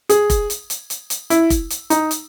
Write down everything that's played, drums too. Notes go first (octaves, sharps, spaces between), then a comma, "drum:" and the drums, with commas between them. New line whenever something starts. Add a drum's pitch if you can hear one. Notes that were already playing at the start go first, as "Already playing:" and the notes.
G#4, drum: hi-hat
drum: kick F1, hi-hat
drum: hi-hat
drum: hi-hat
drum: hi-hat
drum: hi-hat
E4, drum: hi-hat
drum: kick F1, hi-hat
drum: hi-hat
D#4, drum: hi-hat
drum: hi-hat